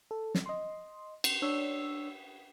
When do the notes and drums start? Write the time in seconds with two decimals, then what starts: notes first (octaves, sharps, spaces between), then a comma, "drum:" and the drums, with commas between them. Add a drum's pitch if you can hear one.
0.11 A4
0.35 drum: snare
0.46 D#5 C6
1.24 drum: cymbal
1.42 D4 C#5 E6